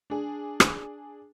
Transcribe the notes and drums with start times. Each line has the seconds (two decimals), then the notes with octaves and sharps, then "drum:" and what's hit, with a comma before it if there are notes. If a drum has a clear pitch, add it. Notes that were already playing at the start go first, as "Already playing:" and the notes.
0.10 D4 G#4
0.60 drum: rim click